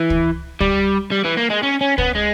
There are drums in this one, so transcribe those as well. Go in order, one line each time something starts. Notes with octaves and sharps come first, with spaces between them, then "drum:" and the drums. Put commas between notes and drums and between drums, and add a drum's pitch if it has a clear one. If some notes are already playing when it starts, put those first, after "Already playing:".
Already playing: E3
drum: kick
G3, drum: kick
G3
E3
A#3
G#3
C#4
C#4
B3, drum: kick
G#3